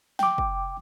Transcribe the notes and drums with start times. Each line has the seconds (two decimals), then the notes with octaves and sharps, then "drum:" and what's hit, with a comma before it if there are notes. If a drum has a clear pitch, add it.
0.19 G5 D6, drum: snare
0.38 drum: kick